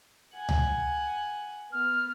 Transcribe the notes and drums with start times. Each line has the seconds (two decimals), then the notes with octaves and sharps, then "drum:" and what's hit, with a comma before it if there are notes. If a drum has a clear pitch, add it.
0.35 F#5 G#5
0.49 drum: tom C#2
1.72 B3 F6